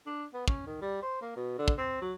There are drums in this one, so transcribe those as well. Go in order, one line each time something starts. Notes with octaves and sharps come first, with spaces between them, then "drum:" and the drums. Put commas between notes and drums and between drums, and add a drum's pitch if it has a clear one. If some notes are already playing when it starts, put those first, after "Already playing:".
D4
B3
C#4, drum: kick
D#3
G3
C5
A#3
B2
D3
drum: kick
C4
F#3